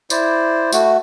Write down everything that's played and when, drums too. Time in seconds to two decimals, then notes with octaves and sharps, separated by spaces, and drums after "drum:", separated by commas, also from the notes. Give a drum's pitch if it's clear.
0.10 E4 C5 D5, drum: tambourine
0.73 A3 F#4, drum: tambourine